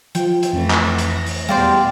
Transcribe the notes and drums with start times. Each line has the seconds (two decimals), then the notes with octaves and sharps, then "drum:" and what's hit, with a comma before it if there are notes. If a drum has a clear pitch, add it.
0.15 F3 G5, drum: hi-hat
0.43 drum: hi-hat
0.53 F2 E3 A3
0.71 drum: clap
0.98 drum: hi-hat
1.08 A#6
1.26 drum: open hi-hat
1.49 E2 B2 G3 C5 D5 F5 G5